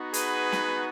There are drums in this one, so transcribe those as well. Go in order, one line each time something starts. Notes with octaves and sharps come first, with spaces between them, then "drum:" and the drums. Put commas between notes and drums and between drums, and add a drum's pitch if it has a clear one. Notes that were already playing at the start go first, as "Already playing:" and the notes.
Already playing: B3 D#4 F#4
G#4 B4, drum: hi-hat
drum: snare